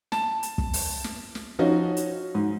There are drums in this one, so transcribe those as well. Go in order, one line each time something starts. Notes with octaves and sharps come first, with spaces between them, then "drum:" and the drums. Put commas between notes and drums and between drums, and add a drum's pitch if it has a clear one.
A5, drum: snare
drum: hi-hat
drum: kick
drum: open hi-hat
drum: snare
drum: snare
F3 C#4 D#4 F#4
drum: hi-hat
G#2